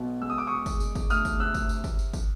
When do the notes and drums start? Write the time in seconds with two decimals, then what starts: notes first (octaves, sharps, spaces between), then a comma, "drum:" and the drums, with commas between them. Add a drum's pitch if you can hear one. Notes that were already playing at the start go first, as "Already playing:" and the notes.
Already playing: B1 B2
0.21 G#3 E6
0.30 D#6
0.38 D6
0.47 E1 C#6 D#6
0.66 drum: kick, tambourine
0.80 E1, drum: tambourine
0.95 drum: kick, tambourine
1.10 D2 D#6 F6, drum: tambourine
1.25 drum: kick, tambourine
1.40 C3 E6 F#6
1.54 drum: kick, tambourine
1.69 drum: tambourine
1.84 drum: kick, tambourine
1.99 drum: tambourine
2.13 drum: kick, tambourine